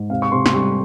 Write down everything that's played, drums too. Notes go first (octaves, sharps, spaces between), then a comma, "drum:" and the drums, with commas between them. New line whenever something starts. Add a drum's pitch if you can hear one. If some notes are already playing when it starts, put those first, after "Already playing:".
Already playing: G#2
C3 F5
C#6
C3 C6
C6, drum: snare
G3 C#6